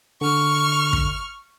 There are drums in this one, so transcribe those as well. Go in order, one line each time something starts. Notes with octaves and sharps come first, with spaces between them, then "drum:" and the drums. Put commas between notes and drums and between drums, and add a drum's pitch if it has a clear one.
D3 C#6 F6
drum: kick